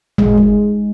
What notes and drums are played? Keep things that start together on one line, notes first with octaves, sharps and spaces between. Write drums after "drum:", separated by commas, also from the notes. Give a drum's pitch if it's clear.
G#3, drum: tom G#1
G#3